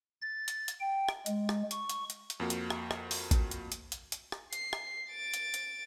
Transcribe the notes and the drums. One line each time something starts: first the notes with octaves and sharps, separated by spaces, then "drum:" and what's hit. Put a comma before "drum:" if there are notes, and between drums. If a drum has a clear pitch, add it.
A6
drum: hi-hat
drum: hi-hat
G5
drum: rim click
G#3, drum: hi-hat
drum: rim click
C#6, drum: hi-hat
drum: hi-hat
drum: hi-hat
drum: hi-hat
F2 A#3 F#4
drum: hi-hat
drum: rim click
drum: rim click
drum: open hi-hat
drum: kick A1, hi-hat
drum: hi-hat
drum: hi-hat
drum: hi-hat
drum: hi-hat
drum: rim click
C7, drum: hi-hat
drum: rim click
A6 D7
drum: hi-hat
drum: hi-hat